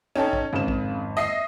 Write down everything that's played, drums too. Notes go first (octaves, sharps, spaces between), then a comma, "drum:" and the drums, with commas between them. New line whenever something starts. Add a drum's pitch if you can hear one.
C#4 D#4 A4 G5
drum: kick
G#1 F2 C#3 E7
drum: kick
D#5 E5 C7